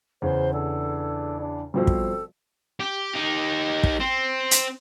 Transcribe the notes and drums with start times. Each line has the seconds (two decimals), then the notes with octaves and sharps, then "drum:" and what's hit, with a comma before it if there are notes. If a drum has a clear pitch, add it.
0.22 E2 C#3 C5
0.53 D4 A4
1.40 D4
1.74 G2 B2 F3 C4 A4
1.87 drum: kick
2.80 G4
3.15 D#4 G4
3.83 drum: kick
4.00 C4
4.51 drum: hi-hat